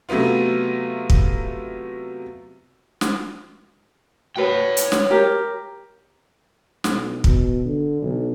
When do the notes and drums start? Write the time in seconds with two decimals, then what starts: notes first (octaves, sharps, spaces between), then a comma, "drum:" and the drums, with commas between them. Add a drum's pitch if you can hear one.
0.09 C3 F#3 A3 B3 F4
1.10 drum: kick
3.01 drum: snare
4.37 F#4 B4 C#5 G5
4.77 drum: hi-hat
4.92 drum: snare
5.11 G4 A#4
6.84 B1, drum: snare
7.24 B2, drum: kick
7.65 D3
8.02 B1